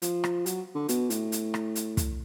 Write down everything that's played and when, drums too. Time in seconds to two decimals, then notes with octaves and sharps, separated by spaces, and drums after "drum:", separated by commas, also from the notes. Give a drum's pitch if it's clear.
0.02 F3, drum: hi-hat
0.24 drum: rim click
0.46 F#3, drum: hi-hat
0.75 D3
0.89 B2, drum: hi-hat
1.10 A2, drum: hi-hat
1.32 drum: hi-hat
1.54 drum: rim click
1.75 drum: hi-hat
1.97 drum: kick, hi-hat